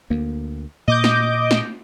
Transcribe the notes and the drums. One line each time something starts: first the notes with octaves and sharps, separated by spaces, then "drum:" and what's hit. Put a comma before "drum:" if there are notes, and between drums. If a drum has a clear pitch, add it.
D2 A#3
A#2 D#5 D6 G6
drum: snare
drum: snare